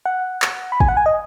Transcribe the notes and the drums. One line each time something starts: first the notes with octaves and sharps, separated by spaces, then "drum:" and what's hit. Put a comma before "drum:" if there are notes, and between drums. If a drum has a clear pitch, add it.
F#5
drum: clap
B5
G#5, drum: kick
F#5
G#5
D#5